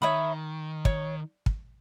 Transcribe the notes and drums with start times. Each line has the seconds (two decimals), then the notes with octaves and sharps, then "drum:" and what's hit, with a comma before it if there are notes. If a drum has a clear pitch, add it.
0.02 D#3 C#5 E5 B5 D#6
0.85 C#5, drum: kick
1.46 drum: kick